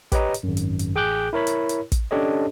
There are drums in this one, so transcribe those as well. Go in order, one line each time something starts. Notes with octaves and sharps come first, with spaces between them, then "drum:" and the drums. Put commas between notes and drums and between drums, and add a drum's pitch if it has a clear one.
G4 B4 C#5 D#5 A#5, drum: kick, hi-hat
drum: hi-hat
G#1 F#2
drum: hi-hat
drum: hi-hat
A1 G#4 G5 D6 F#6 G6
E4 A#4 C#5 B5
drum: hi-hat
drum: hi-hat
drum: kick, hi-hat
C#4 D4 G4 A4 C#5 D#5